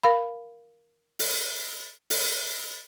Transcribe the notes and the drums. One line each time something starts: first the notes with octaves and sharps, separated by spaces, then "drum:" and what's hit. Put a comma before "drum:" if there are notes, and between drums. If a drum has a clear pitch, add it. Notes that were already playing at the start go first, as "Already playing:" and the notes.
A#4 F5 B5
drum: open hi-hat
drum: open hi-hat